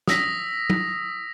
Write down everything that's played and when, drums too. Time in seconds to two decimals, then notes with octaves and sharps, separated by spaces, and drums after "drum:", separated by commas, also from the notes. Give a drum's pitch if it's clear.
0.08 D#6 E6 A#6 B6, drum: snare
0.70 drum: tom F#3